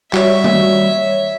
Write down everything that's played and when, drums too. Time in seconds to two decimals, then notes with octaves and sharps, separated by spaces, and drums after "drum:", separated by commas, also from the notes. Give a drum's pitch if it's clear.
0.13 G3 F#4 C#5 E5, drum: clap
0.44 drum: tom